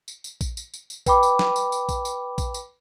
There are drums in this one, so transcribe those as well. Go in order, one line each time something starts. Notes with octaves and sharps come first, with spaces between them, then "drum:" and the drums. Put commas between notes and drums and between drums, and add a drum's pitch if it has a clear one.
drum: tambourine
drum: tambourine
drum: kick A#1, tambourine
drum: tambourine
drum: tambourine
drum: tambourine
B4 G5 B5 D6, drum: kick A#1, tambourine
drum: tambourine
drum: snare
drum: tambourine
drum: tambourine
drum: kick A#1, tambourine
drum: tambourine
drum: kick A#1, tambourine
drum: tambourine